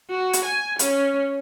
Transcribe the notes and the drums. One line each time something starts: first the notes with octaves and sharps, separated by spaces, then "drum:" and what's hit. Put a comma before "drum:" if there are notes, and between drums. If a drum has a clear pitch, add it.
F#4
drum: hi-hat
G#5
C#4, drum: hi-hat